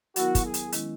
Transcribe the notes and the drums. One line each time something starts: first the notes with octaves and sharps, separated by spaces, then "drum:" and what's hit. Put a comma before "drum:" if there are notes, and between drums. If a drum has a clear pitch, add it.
D#3 F#3 B3 E4 F#4 A#4, drum: hi-hat
drum: kick, hi-hat
G#4
drum: hi-hat
D#3 G#3 C#4 E4, drum: hi-hat